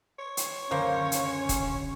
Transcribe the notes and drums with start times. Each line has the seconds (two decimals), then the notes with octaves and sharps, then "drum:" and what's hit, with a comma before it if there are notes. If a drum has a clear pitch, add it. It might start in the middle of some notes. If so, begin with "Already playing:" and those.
0.18 C#5
0.37 drum: hi-hat
0.71 C#2 F#2 D3 A#3 C#4 C5
1.12 drum: hi-hat
1.49 drum: kick D#1, hi-hat